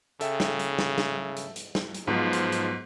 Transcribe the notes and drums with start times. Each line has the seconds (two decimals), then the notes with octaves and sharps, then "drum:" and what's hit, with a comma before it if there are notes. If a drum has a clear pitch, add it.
0.21 C#3 A4 E5 G5, drum: hi-hat
0.40 drum: snare
0.59 drum: hi-hat
0.79 drum: snare
0.98 drum: snare
1.36 drum: hi-hat
1.56 drum: hi-hat
1.75 drum: snare
1.94 drum: hi-hat
2.07 G#2 F3 F#3 B3 F4
2.33 drum: hi-hat
2.52 drum: hi-hat